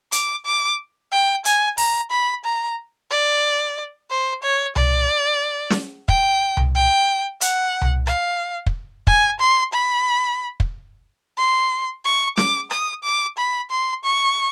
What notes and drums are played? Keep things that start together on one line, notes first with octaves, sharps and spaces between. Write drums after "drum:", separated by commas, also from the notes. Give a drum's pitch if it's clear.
D6, drum: hi-hat
D6
G5
G#5, drum: hi-hat
A#5, drum: open hi-hat
B5
A#5
D5
C5
C#5
D5, drum: tom C2
drum: snare
G5, drum: kick
drum: tom C2
G5
F#5, drum: hi-hat
drum: tom C2
F5, drum: rim click
drum: kick
G#5, drum: kick
C6
B5
drum: kick
C6
C#6
D6, drum: snare
D#6, drum: rim click
D6
B5
C6
C#6